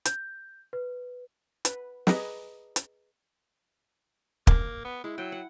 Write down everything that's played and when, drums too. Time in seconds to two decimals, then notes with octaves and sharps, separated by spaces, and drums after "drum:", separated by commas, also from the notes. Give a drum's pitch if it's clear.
0.05 G6, drum: hi-hat
0.73 B4
1.65 B4, drum: hi-hat
2.07 G#4 B4 D5 D#5 A#5, drum: snare
2.76 drum: hi-hat
4.47 A#3, drum: kick
4.85 B3
5.04 G#3 E4
5.18 F#3 G5
5.32 F#5